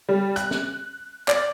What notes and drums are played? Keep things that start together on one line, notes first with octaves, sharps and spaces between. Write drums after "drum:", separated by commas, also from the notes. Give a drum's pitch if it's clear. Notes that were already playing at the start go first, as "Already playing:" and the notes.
G3
F#6, drum: hi-hat
drum: snare
D5, drum: clap